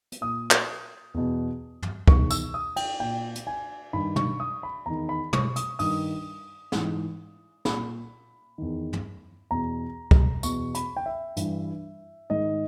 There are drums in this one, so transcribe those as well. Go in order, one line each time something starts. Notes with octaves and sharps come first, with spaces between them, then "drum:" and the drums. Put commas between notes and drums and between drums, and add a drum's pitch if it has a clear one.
drum: hi-hat
A#2 D#6
drum: clap
E2 B2
drum: tom
E2 D#3 C#6, drum: kick
E6, drum: tambourine
D#6
G5, drum: cymbal
A#2 G5
drum: hi-hat
G#5
G2 D#3 B5
C#6, drum: tom
D#6
B5
E2 D#3 A#5
B5
C#6, drum: tom
D#6, drum: hi-hat
G2 D#3 D#6, drum: open hi-hat
G#2 E3, drum: snare
A#2 B5, drum: snare
E2 D#3
drum: tom
E2 B2 A#5
drum: kick
E2 B2 C#6, drum: tambourine
B5, drum: hi-hat
G5
E5
G2 E3, drum: hi-hat
G#2 D#3 D#5